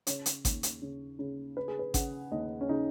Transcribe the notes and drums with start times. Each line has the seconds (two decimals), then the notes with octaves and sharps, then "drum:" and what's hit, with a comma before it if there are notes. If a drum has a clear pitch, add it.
0.07 C#3 C#5, drum: hi-hat
0.26 drum: hi-hat
0.45 D#2, drum: kick G#1, hi-hat
0.63 drum: hi-hat
0.82 C#3
1.19 C#3
1.57 C#3 B4
1.68 G#4
1.79 B4
1.94 C#3 F#5, drum: kick G#1, hi-hat
2.32 D#2 D#5
2.61 C#4
2.69 C#3 D#4